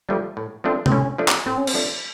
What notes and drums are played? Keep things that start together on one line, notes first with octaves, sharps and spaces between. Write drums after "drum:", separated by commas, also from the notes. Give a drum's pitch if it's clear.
F3 G3 A3 D4
A2
F3 A3 C4 D4
C4, drum: tom C3
A2 C#4
F3 A3 D4
drum: clap
A2 C4
C#4
C4, drum: cymbal
F3 A3 D4